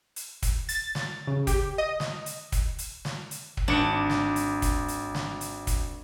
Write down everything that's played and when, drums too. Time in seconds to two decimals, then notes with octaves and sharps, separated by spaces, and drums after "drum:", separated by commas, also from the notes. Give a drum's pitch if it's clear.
0.16 drum: hi-hat
0.42 drum: kick, hi-hat
0.69 A6, drum: hi-hat
0.95 drum: snare
1.27 C#3
1.47 G4, drum: kick, hi-hat
1.78 D#5
2.00 drum: snare
2.26 drum: hi-hat
2.52 drum: kick, hi-hat
2.79 drum: hi-hat
3.05 drum: snare
3.31 drum: hi-hat
3.57 drum: kick
3.68 G#1 D4 C#7
4.10 drum: snare
4.36 drum: hi-hat
4.62 drum: kick, hi-hat
4.88 drum: hi-hat
5.15 drum: snare
5.41 drum: hi-hat
5.67 drum: kick, hi-hat